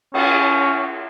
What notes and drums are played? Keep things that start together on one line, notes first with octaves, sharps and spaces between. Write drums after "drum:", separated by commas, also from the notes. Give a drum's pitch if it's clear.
C#4, drum: cymbal